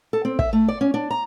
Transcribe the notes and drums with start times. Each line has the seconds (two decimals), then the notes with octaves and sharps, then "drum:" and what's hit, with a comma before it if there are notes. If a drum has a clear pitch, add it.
0.13 A4
0.25 C4
0.39 E5, drum: kick
0.53 A3
0.68 D5
0.81 C#4
0.94 D4
1.11 A#5